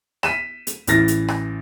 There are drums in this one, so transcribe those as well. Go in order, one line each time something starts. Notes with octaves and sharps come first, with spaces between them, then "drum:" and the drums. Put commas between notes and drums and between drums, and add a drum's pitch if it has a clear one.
B6 D#7 E7, drum: rim click
drum: hi-hat
A1 E3 A6 A#6, drum: hi-hat
drum: hi-hat
drum: rim click